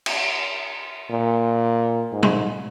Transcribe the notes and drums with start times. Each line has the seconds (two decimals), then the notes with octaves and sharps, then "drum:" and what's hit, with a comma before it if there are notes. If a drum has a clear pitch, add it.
0.06 drum: cymbal
1.10 A#2
2.12 G#2
2.23 drum: tom